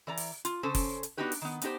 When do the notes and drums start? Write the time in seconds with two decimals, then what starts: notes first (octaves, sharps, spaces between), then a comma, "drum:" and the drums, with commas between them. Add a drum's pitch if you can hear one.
0.07 E3 D5 A#5
0.17 drum: open hi-hat
0.45 F4, drum: hi-hat
0.63 C#3 C#4 A4 C5 A5
0.75 drum: kick F#1, open hi-hat
1.03 drum: hi-hat
1.17 B3 D4 D#4 F#4 G4 B4
1.32 drum: open hi-hat
1.42 D#3 B3
1.62 B3 D4 D#4 G4 C5, drum: hi-hat